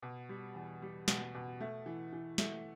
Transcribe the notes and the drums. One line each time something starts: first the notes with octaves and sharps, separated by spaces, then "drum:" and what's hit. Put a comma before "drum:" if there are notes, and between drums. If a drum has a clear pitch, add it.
B2
G3
E2
G3
B2, drum: snare
B2
A3
E3
E3
A3, drum: snare